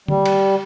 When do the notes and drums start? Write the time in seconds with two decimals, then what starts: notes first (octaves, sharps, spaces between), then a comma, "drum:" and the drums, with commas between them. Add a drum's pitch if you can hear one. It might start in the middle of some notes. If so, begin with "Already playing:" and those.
0.08 G3, drum: tom D3
0.26 drum: cymbal